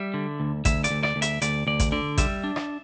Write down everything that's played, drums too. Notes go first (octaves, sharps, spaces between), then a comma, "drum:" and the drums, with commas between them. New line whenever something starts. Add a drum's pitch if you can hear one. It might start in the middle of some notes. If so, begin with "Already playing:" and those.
Already playing: G3 E5
D3
D2
D2 E5, drum: kick A1, hi-hat
D5, drum: hi-hat
D2
D5, drum: rim click
D2
E5, drum: hi-hat
D2 D5, drum: hi-hat
D2 D5
drum: kick A1, hi-hat
D3 D5
G3 E5, drum: kick A1, hi-hat
D4
drum: rim click